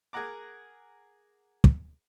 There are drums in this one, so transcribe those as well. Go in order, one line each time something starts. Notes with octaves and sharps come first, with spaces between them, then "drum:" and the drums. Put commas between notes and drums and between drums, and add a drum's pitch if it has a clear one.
G#4 A#4 F#5 A#5 D6
drum: kick